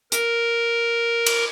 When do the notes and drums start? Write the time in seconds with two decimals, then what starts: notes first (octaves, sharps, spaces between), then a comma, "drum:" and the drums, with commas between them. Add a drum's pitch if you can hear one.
0.12 A#4, drum: hi-hat
1.26 drum: cymbal